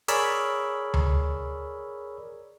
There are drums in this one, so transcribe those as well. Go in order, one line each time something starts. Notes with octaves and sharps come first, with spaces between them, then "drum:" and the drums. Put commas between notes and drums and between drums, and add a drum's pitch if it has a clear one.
G#4 A#4 C#5 D5 B5 E6, drum: hi-hat
drum: tom D2